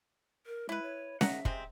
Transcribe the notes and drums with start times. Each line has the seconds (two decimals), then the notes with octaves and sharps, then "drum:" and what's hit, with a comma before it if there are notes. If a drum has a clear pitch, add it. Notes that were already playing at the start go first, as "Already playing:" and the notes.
0.46 A#4
0.69 G#3 E4 B4
0.82 C#5
1.21 D#3 E5 F#5 A#5, drum: snare C#4
1.45 C3 G#3 C4, drum: kick